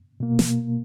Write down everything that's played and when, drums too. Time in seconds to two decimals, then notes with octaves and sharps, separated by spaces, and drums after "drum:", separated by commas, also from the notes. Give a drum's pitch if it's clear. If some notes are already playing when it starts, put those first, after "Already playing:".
0.20 B2 A#3
0.39 drum: snare